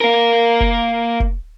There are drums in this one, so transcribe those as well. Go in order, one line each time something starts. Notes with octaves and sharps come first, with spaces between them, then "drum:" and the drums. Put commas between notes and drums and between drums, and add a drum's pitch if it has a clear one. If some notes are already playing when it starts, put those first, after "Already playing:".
A#3 A#4
drum: kick
drum: kick